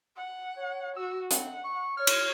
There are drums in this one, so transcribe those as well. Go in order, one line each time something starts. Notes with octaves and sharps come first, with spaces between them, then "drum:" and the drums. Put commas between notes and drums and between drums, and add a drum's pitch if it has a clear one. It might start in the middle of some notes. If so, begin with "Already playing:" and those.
F#5
C#5
F#4 E6
C4 F#5, drum: hi-hat
C#6
C#5 F6
drum: cymbal